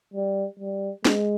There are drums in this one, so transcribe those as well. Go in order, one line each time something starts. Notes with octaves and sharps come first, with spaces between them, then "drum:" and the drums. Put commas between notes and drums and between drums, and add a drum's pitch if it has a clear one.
G3
G3
G#3, drum: snare